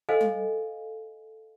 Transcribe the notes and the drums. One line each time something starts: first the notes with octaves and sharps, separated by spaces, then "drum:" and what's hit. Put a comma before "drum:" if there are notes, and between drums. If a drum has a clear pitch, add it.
A4 C5 D#5 F5 G#5
drum: tom G3